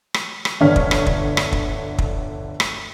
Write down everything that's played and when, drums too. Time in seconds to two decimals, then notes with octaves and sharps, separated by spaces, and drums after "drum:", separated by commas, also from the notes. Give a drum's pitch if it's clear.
0.14 drum: rim click
0.45 drum: rim click
0.60 G1 D3 D4 C#5 F6 B6
0.76 drum: kick
0.91 drum: rim click
1.06 drum: kick
1.37 drum: rim click
1.52 drum: kick
1.98 drum: kick
2.60 drum: rim click